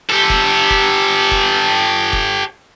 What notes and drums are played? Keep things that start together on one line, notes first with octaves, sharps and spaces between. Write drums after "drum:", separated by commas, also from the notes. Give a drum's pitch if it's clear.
G4 A4
drum: kick
drum: kick
drum: kick
drum: kick